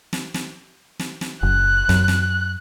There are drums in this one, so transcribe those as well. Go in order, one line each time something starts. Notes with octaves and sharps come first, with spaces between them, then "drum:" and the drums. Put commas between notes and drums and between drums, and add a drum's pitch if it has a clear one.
drum: snare
drum: snare
drum: snare
drum: snare
F#1 F#6
F#2, drum: snare
drum: snare